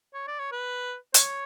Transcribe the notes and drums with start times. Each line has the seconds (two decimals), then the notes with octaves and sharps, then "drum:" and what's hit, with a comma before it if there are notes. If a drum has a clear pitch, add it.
0.14 C#5
0.27 D5
0.39 C#5
0.52 B4
1.14 C#5, drum: hi-hat